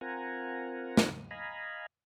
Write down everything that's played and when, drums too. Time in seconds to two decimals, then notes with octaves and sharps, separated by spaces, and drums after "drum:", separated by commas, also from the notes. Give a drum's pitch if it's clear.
0.01 C4 F4 A#4 F#5 G#5 A#5
0.97 drum: snare
1.31 D#5 F5 G#5 A#5 B5